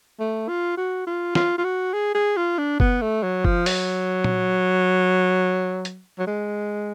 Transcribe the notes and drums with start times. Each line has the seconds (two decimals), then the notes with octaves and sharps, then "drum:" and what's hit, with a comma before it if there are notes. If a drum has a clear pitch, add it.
0.20 A3
0.48 F4
0.77 F#4
1.07 F4
1.35 F4, drum: snare
1.58 F4
1.64 F#4
1.93 G#4
2.14 G#4
2.37 F4
2.58 D4
2.80 B3, drum: kick F#1
3.02 A3
3.23 F#3
3.45 F3, drum: kick F#1
3.66 F#3, drum: open hi-hat
4.24 drum: tom A#2
5.85 drum: hi-hat
6.18 F#3
6.27 G#3